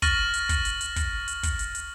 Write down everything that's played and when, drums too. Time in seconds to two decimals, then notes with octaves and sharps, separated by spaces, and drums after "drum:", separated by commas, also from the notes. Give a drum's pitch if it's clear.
0.02 C#6 F6 A6 A#6 D#7 F#7, drum: kick, hi-hat
0.34 drum: hi-hat
0.49 drum: kick, hi-hat
0.65 drum: hi-hat
0.81 drum: hi-hat
0.96 drum: kick, hi-hat
1.28 drum: hi-hat
1.43 drum: kick, hi-hat
1.59 drum: hi-hat
1.75 drum: hi-hat